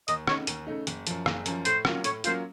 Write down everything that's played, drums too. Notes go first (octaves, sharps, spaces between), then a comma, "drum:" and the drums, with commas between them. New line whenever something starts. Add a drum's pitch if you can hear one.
D#2 D#5, drum: hi-hat
C#3 A3 D#4 C#5, drum: rim click
D#2, drum: hi-hat
C#3 A3 D#4
F#1, drum: hi-hat
F#2 F3, drum: hi-hat
F#1, drum: rim click
F#2 F3, drum: hi-hat
A2 C5, drum: hi-hat
F#3 A#3 C#4 F4, drum: rim click
A2 C#5, drum: hi-hat
F#3 A#3 C#4 F4 C5, drum: hi-hat